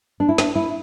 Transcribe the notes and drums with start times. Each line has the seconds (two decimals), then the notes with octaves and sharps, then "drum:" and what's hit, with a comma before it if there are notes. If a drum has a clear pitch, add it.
0.20 D4
0.29 E4
0.38 D4, drum: snare
0.55 E4